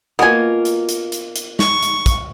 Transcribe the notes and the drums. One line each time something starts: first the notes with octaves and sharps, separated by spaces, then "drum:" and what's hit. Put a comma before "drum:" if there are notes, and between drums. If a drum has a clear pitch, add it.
B2 A#3 F4 F#4 G#5
drum: hi-hat
drum: hi-hat
drum: hi-hat
drum: hi-hat
C#6, drum: snare
drum: hi-hat
drum: kick, hi-hat